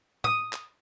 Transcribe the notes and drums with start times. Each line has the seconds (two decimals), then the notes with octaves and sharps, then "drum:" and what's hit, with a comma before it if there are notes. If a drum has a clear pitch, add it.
0.24 D#6, drum: tom
0.53 drum: clap